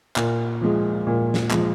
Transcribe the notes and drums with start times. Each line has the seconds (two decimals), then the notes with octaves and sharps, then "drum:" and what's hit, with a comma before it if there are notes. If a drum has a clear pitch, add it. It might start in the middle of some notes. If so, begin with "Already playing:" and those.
0.16 A#2, drum: clap
0.61 F3 G#3
1.07 A#2
1.34 drum: snare
1.51 F3 G#3, drum: clap